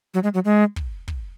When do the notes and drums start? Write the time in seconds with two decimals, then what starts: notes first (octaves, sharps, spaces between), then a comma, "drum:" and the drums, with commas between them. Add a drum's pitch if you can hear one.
0.14 F#3
0.23 G#3
0.34 F#3
0.45 G#3
0.76 drum: kick
1.08 drum: kick